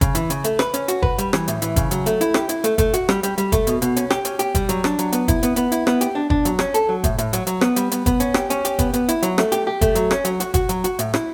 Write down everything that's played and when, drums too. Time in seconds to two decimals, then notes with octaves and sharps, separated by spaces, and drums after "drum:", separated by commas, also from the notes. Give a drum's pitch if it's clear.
0.01 C#3, drum: kick, hi-hat
0.15 E3, drum: hi-hat
0.30 C#3, drum: hi-hat
0.44 A3, drum: hi-hat
0.59 B4, drum: rim click
0.74 C#4, drum: hi-hat
0.88 F#4, drum: hi-hat
1.03 B4, drum: kick
1.18 G3, drum: hi-hat
1.33 E3, drum: rim click
1.48 A2, drum: hi-hat
1.62 E3, drum: hi-hat
1.76 C#3, drum: kick, hi-hat
1.91 F#3, drum: hi-hat
2.06 A3, drum: hi-hat
2.21 E4, drum: hi-hat
2.34 G4, drum: rim click
2.49 E4, drum: hi-hat
2.64 A3, drum: hi-hat
2.78 A3, drum: kick, hi-hat
2.93 F#4, drum: hi-hat
3.09 G3, drum: rim click
3.23 G3, drum: hi-hat
3.38 G3, drum: hi-hat
3.52 A3, drum: kick, hi-hat
3.67 B2, drum: hi-hat
3.82 B2, drum: hi-hat
3.96 C#4, drum: hi-hat
4.10 G4, drum: rim click
4.25 C#4, drum: hi-hat
4.39 G4, drum: hi-hat
4.55 G3, drum: kick, hi-hat
4.69 F#3, drum: hi-hat
4.84 D4, drum: rim click
4.99 F#3, drum: hi-hat
5.12 B3, drum: hi-hat
5.28 E4, drum: kick, hi-hat
5.43 B3, drum: hi-hat
5.56 B3, drum: hi-hat
5.72 E4, drum: hi-hat
5.87 B3, drum: rim click
6.01 G4, drum: hi-hat
6.15 D4
6.30 D4, drum: kick
6.45 F#3, drum: hi-hat
6.59 C#4, drum: rim click
6.74 A4, drum: hi-hat
6.89 F#3
7.04 A2, drum: kick, hi-hat
7.18 A2, drum: hi-hat
7.33 F#3, drum: hi-hat
7.47 F#3, drum: hi-hat
7.61 B3, drum: rim click
7.76 G3, drum: hi-hat
7.91 B3, drum: hi-hat
8.06 B3, drum: kick, hi-hat
8.20 C#4, drum: hi-hat
8.34 G4, drum: rim click
8.50 C#4, drum: hi-hat
8.65 G4, drum: hi-hat
8.79 B3, drum: kick, hi-hat
8.94 B3, drum: hi-hat
9.09 E4, drum: hi-hat
9.23 F#3, drum: hi-hat
9.38 A3, drum: rim click
9.52 G4, drum: hi-hat
9.67 G4
9.81 A3, drum: kick, hi-hat
9.95 F#3, drum: hi-hat
10.11 C#4, drum: rim click
10.25 F#3, drum: hi-hat
10.40 F#4, drum: hi-hat
10.54 F#4, drum: kick, hi-hat
10.69 F#3, drum: hi-hat
10.84 F#4, drum: hi-hat
10.99 A2, drum: hi-hat
11.14 E4, drum: rim click